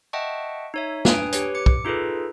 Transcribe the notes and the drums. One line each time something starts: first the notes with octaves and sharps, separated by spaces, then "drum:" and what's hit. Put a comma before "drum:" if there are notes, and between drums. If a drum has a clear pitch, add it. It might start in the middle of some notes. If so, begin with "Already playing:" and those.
D#5 E5 F#5 G5 A5 C#6
D#4 C#5 E5
D4 B4 G5 G#5 D#6 D7, drum: snare
G4 B4 C#5, drum: hi-hat
D6 C#7
drum: kick
D#4 F4 G#4 A4 B4